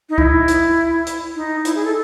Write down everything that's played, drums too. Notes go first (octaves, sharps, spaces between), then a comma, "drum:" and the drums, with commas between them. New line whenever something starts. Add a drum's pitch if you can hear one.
D#4
E4, drum: kick
drum: hi-hat
drum: hi-hat
D#4
E4, drum: hi-hat
G#4
A4